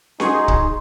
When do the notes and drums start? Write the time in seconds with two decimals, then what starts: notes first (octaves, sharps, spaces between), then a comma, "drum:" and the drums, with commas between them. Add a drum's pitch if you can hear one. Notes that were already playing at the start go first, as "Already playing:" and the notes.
0.20 D#4 F#4 G#4 C6 C#6, drum: snare C#4
0.48 drum: kick C#1